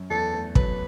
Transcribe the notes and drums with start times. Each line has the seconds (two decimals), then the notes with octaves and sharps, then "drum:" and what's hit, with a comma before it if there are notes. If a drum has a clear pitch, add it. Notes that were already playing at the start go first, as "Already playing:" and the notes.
Already playing: F#2
0.10 E2 A4
0.34 A3
0.55 F#3 B4, drum: kick